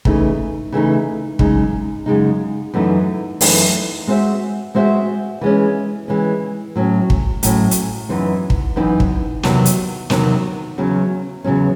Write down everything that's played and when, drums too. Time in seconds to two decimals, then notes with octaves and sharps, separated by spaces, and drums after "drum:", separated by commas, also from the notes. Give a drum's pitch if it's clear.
0.05 C#3 E3 A3 D#4, drum: kick
0.72 C#3 E3 A3 D#4
1.39 F#2 C#3 G#3 D#4, drum: kick
2.06 F#2 C#3 G#3 D#4
2.74 F#2 E3 A3 D#4
3.41 F#2 E3 A3 D#4, drum: open hi-hat
4.07 G#3 C4 F#4 C5 E5
4.75 G#3 C4 F#4 C5 E5
5.41 E3 G#3 C#4
6.08 E3 G#3 C#4
6.76 A2 F#3 C#4
7.10 drum: kick
7.43 A2 F#3 C#4, drum: hi-hat
7.71 drum: hi-hat
8.09 F#2 E3 C4 D#4
8.50 drum: kick
8.76 F#2 E3 C4 D#4
9.00 drum: kick
9.43 E2 C3 D#3 F#3 C4, drum: snare
9.65 drum: hi-hat
10.10 E2 C3 D#3 F#3 C4, drum: snare
10.78 E2 C#3 F#3 C#4
11.44 E2 C#3 F#3 C#4